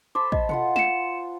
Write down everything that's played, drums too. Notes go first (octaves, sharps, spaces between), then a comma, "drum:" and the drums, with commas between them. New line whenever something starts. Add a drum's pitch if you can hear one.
C5 A5 B5 D6
D#5, drum: kick
F4 C5 F#5, drum: tom B2
C#7 E7, drum: snare